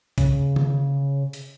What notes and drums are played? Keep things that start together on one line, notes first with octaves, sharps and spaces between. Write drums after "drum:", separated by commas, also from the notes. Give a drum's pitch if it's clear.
C#3, drum: kick B1, hi-hat
drum: tom
drum: hi-hat